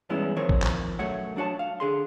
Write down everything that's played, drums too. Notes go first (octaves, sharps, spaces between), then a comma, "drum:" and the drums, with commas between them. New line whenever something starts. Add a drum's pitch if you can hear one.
E2 G2 G#3 B3 C#4 E4
D#3 F3 C4 A#4 C#5
drum: kick
drum: clap
B1 F#2 F#3 A3 C#5 F#5
F#3 D4 F#4 C#5 A5
F5
D3 G#4 C6